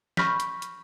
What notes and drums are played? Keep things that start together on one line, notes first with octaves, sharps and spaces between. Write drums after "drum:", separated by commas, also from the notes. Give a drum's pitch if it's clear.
B5 C#6 F6 G6 A#6 B6, drum: snare
drum: hi-hat
drum: hi-hat